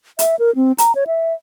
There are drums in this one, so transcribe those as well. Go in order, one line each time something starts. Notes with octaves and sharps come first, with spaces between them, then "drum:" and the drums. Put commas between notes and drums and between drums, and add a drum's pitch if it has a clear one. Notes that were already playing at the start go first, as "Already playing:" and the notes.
E5, drum: hi-hat
A#4
C4
A#5, drum: hi-hat
C#5
E5